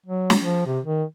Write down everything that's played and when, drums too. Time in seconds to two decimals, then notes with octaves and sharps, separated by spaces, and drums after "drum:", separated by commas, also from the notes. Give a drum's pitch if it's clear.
0.06 F#3
0.30 drum: snare
0.40 F3
0.66 C3
0.85 D#3